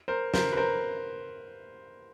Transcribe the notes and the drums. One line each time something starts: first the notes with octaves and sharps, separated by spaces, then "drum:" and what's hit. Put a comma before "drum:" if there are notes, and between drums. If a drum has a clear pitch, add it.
A#4 C5
A#4 C5, drum: snare
B4
A#4 C5